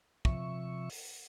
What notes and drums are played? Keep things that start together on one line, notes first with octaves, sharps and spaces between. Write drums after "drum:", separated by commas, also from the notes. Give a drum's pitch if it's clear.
C3 F3 E5 C#6, drum: kick
drum: open hi-hat